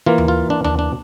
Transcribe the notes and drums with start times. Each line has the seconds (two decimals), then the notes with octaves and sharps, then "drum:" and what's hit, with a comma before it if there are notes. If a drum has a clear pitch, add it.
0.06 E3 A#3 F4
0.18 drum: tom D#2
0.28 F4
0.50 D4
0.65 D4, drum: tom D#2
0.79 D4